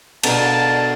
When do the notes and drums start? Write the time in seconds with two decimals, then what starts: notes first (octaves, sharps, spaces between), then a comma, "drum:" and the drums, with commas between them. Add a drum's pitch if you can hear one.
0.24 B2 D3 A#4 A5, drum: cymbal